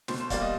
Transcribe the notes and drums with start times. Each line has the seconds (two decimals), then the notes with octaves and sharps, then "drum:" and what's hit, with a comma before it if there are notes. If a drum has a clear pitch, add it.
0.08 B2 C5, drum: snare
0.20 C5
0.30 G3 A#3 D5, drum: kick C#1, hi-hat
0.42 D#5